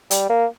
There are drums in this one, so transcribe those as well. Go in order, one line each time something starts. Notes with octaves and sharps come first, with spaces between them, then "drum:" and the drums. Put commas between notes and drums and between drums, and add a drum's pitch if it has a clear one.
G3, drum: hi-hat
A#3